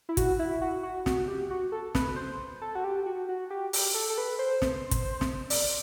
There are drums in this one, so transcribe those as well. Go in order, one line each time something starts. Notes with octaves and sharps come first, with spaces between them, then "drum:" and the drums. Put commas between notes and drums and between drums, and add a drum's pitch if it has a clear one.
E4
F#4, drum: kick, hi-hat
E4
F#4
F#4
F#4, drum: snare
G4
F#4
A4
B4, drum: snare
C5
A4
F#4
G4
F#4
F#4
G4
G4, drum: open hi-hat
A4
A4
B4
C5
drum: snare
drum: kick, hi-hat
drum: snare
D5, drum: open hi-hat